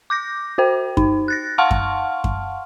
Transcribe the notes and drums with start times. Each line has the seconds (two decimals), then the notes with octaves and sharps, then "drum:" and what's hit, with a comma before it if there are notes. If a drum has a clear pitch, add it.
0.10 D6 G6 A#6
0.58 F#4 C5 G5
0.97 D#4, drum: kick F#2
1.28 F#6 A6 A#6
1.58 F5 F#5 A5 C6 C#6 F6
1.71 drum: kick F#2
2.24 drum: kick F#2